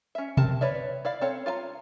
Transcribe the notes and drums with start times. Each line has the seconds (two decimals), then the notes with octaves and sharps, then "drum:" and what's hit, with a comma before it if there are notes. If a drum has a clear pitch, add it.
0.15 C#4 E5
0.37 C4 A#4 A5, drum: tom B2
0.61 B4 C#5 D5 E5
1.05 E4 D5 F5
1.21 C4 A4 C#5 F5
1.46 F4 F5 G#5 A#5